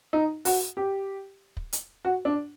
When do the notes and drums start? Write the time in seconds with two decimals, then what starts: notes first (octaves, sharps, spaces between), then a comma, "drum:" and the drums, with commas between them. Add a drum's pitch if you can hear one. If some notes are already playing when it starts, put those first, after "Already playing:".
0.13 D#4
0.45 F#4, drum: open hi-hat
0.77 G4
1.57 drum: kick
1.73 drum: hi-hat
2.05 F#4
2.25 D4